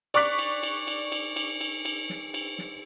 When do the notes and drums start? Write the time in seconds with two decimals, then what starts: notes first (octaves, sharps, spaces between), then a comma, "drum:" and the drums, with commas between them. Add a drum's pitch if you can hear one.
0.14 D5 C#6 D6 F#6 B6, drum: cymbal
0.39 drum: cymbal
0.63 drum: cymbal
0.87 drum: cymbal
1.12 drum: cymbal
1.36 drum: cymbal
1.61 drum: cymbal
1.85 drum: cymbal
2.10 drum: snare
2.34 drum: cymbal
2.58 drum: snare